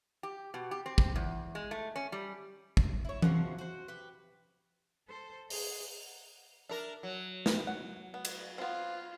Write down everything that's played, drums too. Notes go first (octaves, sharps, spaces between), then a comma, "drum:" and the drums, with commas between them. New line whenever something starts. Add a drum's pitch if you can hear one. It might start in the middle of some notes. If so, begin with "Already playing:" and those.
G4
B2
G4
C4
drum: kick
E2
G#3
A3
C#4
G3
drum: kick
E4 C#5
C3 F3 G#3 F#4, drum: tom E3
F#4 C5
G4 B4
A4 C5
G#4, drum: open hi-hat
D4 A#4 E5
F#3
drum: snare
F#5
B3
drum: cymbal
B3 C4 F4